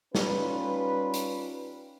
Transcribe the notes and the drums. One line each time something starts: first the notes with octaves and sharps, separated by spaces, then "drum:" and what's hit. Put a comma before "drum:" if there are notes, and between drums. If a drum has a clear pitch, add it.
G3 C#4 D#4 F4 B4, drum: snare
drum: hi-hat